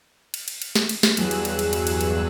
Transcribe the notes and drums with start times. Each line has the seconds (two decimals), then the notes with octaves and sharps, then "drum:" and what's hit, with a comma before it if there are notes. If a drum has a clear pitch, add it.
0.34 drum: cymbal
0.48 drum: cymbal
0.62 drum: cymbal
0.75 drum: snare
0.89 drum: cymbal
1.03 drum: snare
1.17 E2 G2 F#3 G#4 E6 F#6, drum: cymbal
1.31 drum: cymbal
1.45 drum: cymbal
1.59 drum: cymbal
1.73 drum: cymbal
1.87 drum: cymbal
2.01 drum: cymbal